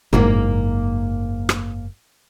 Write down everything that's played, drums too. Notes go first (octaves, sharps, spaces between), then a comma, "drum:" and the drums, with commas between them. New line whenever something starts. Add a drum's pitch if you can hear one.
F#1 G#2 A#3 A#4, drum: tom A2
drum: rim click